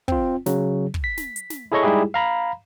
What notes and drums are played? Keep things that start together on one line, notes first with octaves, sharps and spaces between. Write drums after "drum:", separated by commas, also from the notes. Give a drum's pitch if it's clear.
C4 F4, drum: kick
C#3 F#3, drum: snare
drum: kick
B6
drum: snare
drum: hi-hat
drum: snare
E4 G#4 A4 C#5 D#5 C#6
G3 G#3 D#4 E4 G4 G#4
F5 A#5 B5